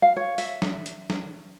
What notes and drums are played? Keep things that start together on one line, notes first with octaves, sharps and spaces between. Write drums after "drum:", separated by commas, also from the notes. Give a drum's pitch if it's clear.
F5
C#5
E5, drum: open hi-hat
drum: snare
drum: hi-hat
drum: snare